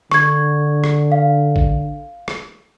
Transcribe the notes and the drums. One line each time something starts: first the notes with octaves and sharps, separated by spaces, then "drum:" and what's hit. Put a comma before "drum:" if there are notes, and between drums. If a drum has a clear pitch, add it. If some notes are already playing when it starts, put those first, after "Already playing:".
D3 C#6 G#6, drum: rim click
drum: rim click
F5
drum: kick
drum: rim click